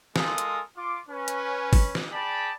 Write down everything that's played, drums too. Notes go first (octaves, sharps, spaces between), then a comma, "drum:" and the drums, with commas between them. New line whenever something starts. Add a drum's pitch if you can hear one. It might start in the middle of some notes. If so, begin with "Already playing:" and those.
G#3 F4 A4 A#4 G#5 D#6, drum: snare
drum: hi-hat
F4 D6
C#4 B4
drum: hi-hat
drum: kick, open hi-hat
drum: snare
G#4 D5 G5 A5 B5